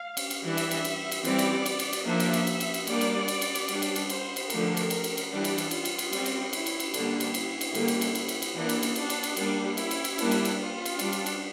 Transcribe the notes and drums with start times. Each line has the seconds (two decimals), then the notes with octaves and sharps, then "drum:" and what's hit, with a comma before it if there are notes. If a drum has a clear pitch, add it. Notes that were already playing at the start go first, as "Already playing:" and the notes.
Already playing: F5
0.17 drum: cymbal
0.30 drum: cymbal
0.43 E3 G3 D4 E5
0.57 drum: cymbal
0.71 drum: cymbal
0.84 drum: cymbal
1.12 drum: cymbal
1.25 E3 G3 C4 D5, drum: cymbal
1.39 drum: cymbal
1.66 drum: cymbal
1.79 drum: cymbal
1.93 drum: cymbal
2.06 F3 A#3 D4 E5
2.20 drum: cymbal
2.33 drum: cymbal
2.47 drum: cymbal
2.60 drum: cymbal
2.74 drum: cymbal
2.87 G3 A#3 D4 D5, drum: cymbal
3.01 drum: cymbal
3.28 drum: cymbal
3.41 drum: cymbal
3.55 drum: cymbal
3.68 G3 D4, drum: cymbal
3.82 drum: cymbal
3.96 drum: cymbal
4.09 C5, drum: cymbal
4.36 drum: cymbal
4.50 D3 F3 A3 D4 A#4, drum: cymbal
4.77 drum: cymbal
4.90 drum: cymbal
5.04 drum: cymbal
5.17 drum: cymbal
5.30 E3 G3 D4 G4
5.44 drum: cymbal
5.58 drum: cymbal
5.71 F4, drum: cymbal
5.85 drum: cymbal
5.98 drum: cymbal
6.13 G3 C4, drum: cymbal
6.26 drum: cymbal
6.53 E4, drum: cymbal
6.66 drum: cymbal
6.80 drum: cymbal
6.94 D3 G3 A#3 D4, drum: cymbal
7.20 drum: cymbal
7.34 E4, drum: cymbal
7.61 drum: cymbal
7.75 D3 G3 A#3, drum: cymbal
7.88 drum: cymbal
8.01 drum: cymbal
8.15 drum: cymbal
8.28 drum: cymbal
8.42 drum: cymbal
8.56 E3 A#3 D4
8.69 drum: cymbal
8.83 drum: cymbal
8.95 D4, drum: cymbal
9.10 drum: cymbal
9.23 drum: cymbal
9.36 G3 A#3 D4, drum: cymbal
9.77 E4, drum: cymbal
9.91 drum: cymbal
10.04 drum: cymbal
10.18 G3 A#3 D4, drum: cymbal
10.31 drum: cymbal
10.45 drum: cymbal
10.59 F4
10.85 drum: cymbal
10.99 G3 D4, drum: cymbal
11.12 drum: cymbal
11.26 drum: cymbal